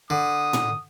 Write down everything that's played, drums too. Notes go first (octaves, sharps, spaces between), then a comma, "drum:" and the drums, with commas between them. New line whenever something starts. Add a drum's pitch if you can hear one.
D3 D#6
drum: tom A2